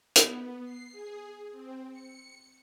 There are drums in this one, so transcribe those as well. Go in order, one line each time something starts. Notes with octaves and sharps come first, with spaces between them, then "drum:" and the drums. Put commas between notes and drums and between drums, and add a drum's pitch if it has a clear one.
B3, drum: hi-hat
C7
G#4
C4
C#7